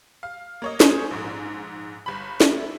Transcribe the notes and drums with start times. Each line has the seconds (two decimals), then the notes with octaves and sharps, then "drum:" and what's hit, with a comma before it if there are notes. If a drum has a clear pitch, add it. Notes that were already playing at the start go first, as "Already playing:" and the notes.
0.23 F5
0.62 A#3 C#5 D#5
0.80 C5 C#5 G#5 D#6, drum: snare
1.11 A#1 G#2
2.06 G1 B5
2.40 E4, drum: snare